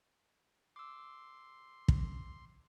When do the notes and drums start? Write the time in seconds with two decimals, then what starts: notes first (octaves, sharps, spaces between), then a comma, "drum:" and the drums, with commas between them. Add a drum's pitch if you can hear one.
0.76 C6 D6 E6
1.88 drum: kick